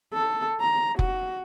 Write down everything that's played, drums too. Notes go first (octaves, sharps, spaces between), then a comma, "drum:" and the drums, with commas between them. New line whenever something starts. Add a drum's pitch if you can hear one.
A4
A#5
F#4, drum: kick F1